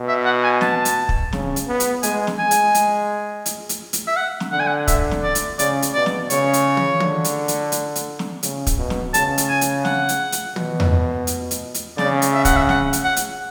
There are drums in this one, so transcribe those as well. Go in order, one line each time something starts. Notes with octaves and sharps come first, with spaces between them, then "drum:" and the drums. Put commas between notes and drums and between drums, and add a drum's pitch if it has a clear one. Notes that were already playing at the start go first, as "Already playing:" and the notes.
Already playing: B2
E5
F#5
G#5
A5, drum: snare
drum: hi-hat
drum: kick
C#3, drum: snare
drum: hi-hat
B3
drum: hi-hat
G#3 G#5, drum: hi-hat
drum: snare
G#3 G#5
drum: hi-hat
drum: hi-hat
drum: hi-hat
drum: hi-hat
drum: hi-hat
E5
F#5
drum: snare
D3 F#5
G#5
F#5
E5, drum: kick, hi-hat
drum: snare
D5
drum: hi-hat
C#3 D5, drum: hi-hat
drum: hi-hat
B2 D5
drum: snare
C#3 C#5, drum: hi-hat
drum: hi-hat
drum: tom
D3, drum: tom
drum: hi-hat
drum: hi-hat
drum: hi-hat
drum: hi-hat
drum: snare
C#3, drum: hi-hat
drum: kick, hi-hat
B2
drum: snare
C#3 A5, drum: hi-hat
drum: hi-hat
G#5
drum: hi-hat
F#5, drum: snare
drum: hi-hat
drum: hi-hat
B2, drum: tom
drum: tom E2
drum: hi-hat
drum: hi-hat
drum: hi-hat
C#3 D5, drum: snare
drum: hi-hat
E5
F#5, drum: kick, hi-hat
E5
F#5, drum: snare
drum: hi-hat
F#5
drum: hi-hat